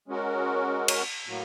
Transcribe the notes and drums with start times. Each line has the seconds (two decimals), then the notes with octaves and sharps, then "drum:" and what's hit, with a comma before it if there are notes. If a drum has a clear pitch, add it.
0.08 G#3 C#4 F#4 A#4
0.88 drum: cymbal
1.27 A2 F#3 A#3